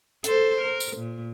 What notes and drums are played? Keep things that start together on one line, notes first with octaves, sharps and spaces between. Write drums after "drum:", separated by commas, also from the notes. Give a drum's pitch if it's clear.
A4 C5, drum: hi-hat
A#4
drum: tambourine
A#2